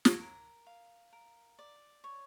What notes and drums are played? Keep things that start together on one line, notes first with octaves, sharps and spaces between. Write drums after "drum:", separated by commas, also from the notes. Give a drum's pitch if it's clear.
drum: snare
A#4
F5
A#4
D5
C#5